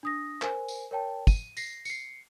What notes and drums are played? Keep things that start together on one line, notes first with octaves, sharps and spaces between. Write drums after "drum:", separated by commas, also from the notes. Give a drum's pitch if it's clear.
D4 D#6 A#6
A#4 C5 G#5, drum: clap
drum: tambourine
A#4 C#5 G5 A5
D#7, drum: kick, tambourine
A#6 C7, drum: tambourine
C7 C#7, drum: tambourine